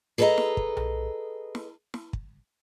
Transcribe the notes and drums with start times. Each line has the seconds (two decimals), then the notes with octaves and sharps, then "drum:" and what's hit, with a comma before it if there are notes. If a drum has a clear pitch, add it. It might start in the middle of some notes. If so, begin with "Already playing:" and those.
0.18 G#4 A4 B4 D5 D#5 A#5
0.38 drum: snare
0.57 drum: kick
0.77 drum: tom B1
1.55 drum: snare
1.94 drum: snare
2.13 drum: kick